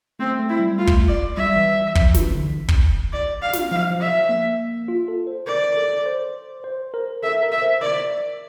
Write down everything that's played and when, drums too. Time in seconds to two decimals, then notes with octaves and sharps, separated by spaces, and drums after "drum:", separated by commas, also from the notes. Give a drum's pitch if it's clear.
0.19 A3 C4
0.39 A3
0.49 E4
0.59 G3
0.78 A3 F4
0.87 drum: kick
1.08 D5
1.37 G3 E5
1.56 E3
1.95 F3, drum: kick
2.14 E3, drum: snare
2.35 D3
2.68 drum: kick
3.13 D5
3.42 F5
3.53 drum: snare
3.71 F3 F5
3.90 F3
4.00 E5
4.29 A#3
4.88 F4
5.08 A4
5.27 C5
5.47 A#4 D5
5.76 A4
6.06 C5
6.64 C5
6.94 A#4
7.23 A4 E5
7.43 A#4
7.52 E5
7.62 C5
7.81 A#4 D5